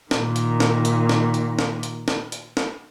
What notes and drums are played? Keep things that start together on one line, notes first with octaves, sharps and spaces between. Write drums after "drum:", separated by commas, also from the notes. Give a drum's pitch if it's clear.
A#2 D#3, drum: snare
drum: hi-hat
drum: snare
drum: hi-hat
drum: snare
drum: hi-hat
drum: snare
drum: hi-hat
drum: snare
drum: hi-hat
drum: snare